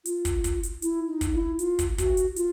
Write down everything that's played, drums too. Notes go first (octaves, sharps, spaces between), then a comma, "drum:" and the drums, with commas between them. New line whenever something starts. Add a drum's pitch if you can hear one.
F4, drum: hi-hat
drum: kick, hi-hat
drum: kick, hi-hat
drum: hi-hat
E4, drum: hi-hat
D#4
drum: kick, hi-hat
E4
F4, drum: hi-hat
drum: kick, hi-hat
F#4, drum: kick, hi-hat
drum: hi-hat
F4, drum: hi-hat